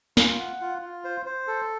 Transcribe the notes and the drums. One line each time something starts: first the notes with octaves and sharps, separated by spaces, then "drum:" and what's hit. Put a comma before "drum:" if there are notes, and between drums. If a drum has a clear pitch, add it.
F4, drum: snare
F#5
F4
F4
C5
C5
A4